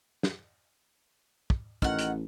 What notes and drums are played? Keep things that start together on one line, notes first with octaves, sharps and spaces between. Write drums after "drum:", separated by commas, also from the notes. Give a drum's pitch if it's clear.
drum: snare
drum: kick
A1 D#3 F#5 F6, drum: kick
drum: hi-hat